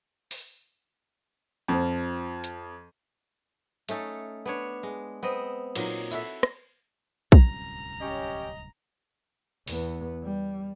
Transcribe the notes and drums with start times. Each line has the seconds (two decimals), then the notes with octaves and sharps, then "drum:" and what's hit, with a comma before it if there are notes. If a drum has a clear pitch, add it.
0.31 drum: open hi-hat
1.68 F2 F3
2.44 drum: hi-hat
3.89 A3 C#4 D#4 A4, drum: hi-hat
4.46 B3 D4 C#5
4.83 G#3
5.23 B3 C4 D#5
5.76 A#2 F#3 D#4, drum: cymbal
6.11 E4 F#4 A4 E5, drum: tambourine
6.43 drum: rim click
7.32 D1 C2 F#2 A#5, drum: kick
8.01 C#4 G4 D#5
9.68 E2 B3, drum: open hi-hat
10.24 G3